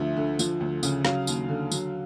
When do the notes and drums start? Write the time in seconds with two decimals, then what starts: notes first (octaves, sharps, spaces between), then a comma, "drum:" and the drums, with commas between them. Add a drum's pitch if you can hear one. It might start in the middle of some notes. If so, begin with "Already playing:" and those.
Already playing: D2 F3 E5
0.16 D3
0.39 F3, drum: tambourine
0.60 D2
0.83 C#3, drum: tambourine
1.05 F#3 F5, drum: snare
1.27 D#2, drum: tambourine
1.49 D3
1.72 F#3, drum: tambourine